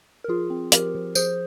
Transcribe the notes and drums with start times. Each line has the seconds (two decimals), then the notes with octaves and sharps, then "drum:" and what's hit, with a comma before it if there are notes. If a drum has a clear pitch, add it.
0.24 A#4
0.28 F3 F4 G#4
0.50 C4
0.72 F3 G4 A#4, drum: hi-hat
0.95 F3
1.15 F3 G#4 C5, drum: tambourine